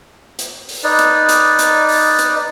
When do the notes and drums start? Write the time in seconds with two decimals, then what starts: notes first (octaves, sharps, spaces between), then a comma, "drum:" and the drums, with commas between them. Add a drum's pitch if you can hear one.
0.39 drum: hi-hat
0.69 drum: open hi-hat
0.84 D#4 B4 D5
0.99 drum: hi-hat
1.29 drum: hi-hat
1.59 drum: hi-hat
1.89 drum: open hi-hat
2.19 drum: hi-hat